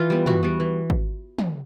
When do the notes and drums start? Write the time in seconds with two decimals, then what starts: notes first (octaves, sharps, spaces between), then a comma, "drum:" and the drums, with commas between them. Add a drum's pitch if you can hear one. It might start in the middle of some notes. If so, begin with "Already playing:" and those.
Already playing: E3 F4
0.10 G3 B3
0.26 E3 F#4, drum: tom
0.43 G3 B3
0.60 E3
0.90 drum: kick
1.38 drum: tom